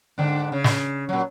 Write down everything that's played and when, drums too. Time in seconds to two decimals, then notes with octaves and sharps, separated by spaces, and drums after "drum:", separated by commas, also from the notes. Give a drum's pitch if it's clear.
0.18 G#2 D3 D4
0.52 C#3
0.64 drum: snare
1.09 A#2 F#3